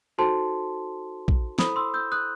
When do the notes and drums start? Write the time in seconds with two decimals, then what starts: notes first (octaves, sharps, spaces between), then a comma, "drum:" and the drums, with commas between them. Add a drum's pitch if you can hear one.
0.18 D#4 F#4 A4 C5 A5 C6
1.28 drum: kick
1.59 E4 A4 C5 B5 D#6, drum: snare
1.76 C6 E6
1.94 E6 G6
2.12 D#6 F#6